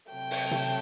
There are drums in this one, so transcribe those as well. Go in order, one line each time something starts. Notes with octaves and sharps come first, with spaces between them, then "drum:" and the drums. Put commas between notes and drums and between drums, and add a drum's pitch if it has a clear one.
C3 F#3 A3 G5
drum: open hi-hat
drum: tom C3